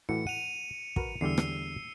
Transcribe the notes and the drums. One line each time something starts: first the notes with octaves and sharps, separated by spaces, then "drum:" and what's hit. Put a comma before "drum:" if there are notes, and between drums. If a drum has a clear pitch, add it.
A2 E3 F#4 C#7
F#5 D#7 F7
F#4 A#4 B4, drum: kick
E2 D3 G3 E6 C7
drum: rim click